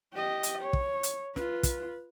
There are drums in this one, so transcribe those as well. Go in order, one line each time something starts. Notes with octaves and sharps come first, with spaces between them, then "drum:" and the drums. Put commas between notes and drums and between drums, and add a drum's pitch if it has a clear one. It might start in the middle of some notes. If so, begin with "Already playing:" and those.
G4 D#5
drum: hi-hat
C#5
drum: kick
drum: hi-hat
F4 B4, drum: snare
drum: kick, hi-hat